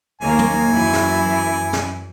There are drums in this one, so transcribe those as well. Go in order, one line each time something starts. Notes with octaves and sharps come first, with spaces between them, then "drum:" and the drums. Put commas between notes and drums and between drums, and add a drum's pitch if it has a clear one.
D#2 D#3 A#3 G#5
drum: tom
F#2 E3 E4
drum: snare
drum: snare